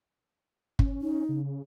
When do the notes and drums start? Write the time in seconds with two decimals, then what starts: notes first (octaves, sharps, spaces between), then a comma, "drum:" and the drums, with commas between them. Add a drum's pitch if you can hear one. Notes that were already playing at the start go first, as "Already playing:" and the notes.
0.79 C#4, drum: kick
1.01 D#4
1.29 C#3